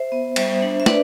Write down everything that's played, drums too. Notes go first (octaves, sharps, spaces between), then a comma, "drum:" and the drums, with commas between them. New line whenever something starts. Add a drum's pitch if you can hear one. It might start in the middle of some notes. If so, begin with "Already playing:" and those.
Already playing: C5 E5
B3
G3 C5 E5, drum: cymbal
D4
E5
D4 B4 D5, drum: snare